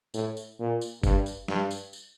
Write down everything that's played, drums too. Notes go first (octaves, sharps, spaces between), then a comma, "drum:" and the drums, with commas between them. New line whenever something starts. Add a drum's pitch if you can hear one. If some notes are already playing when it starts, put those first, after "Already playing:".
A2, drum: tambourine
drum: tambourine
A#2
drum: tambourine
G2, drum: kick F#1, tambourine
drum: tambourine
G2, drum: snare
drum: tambourine
drum: tambourine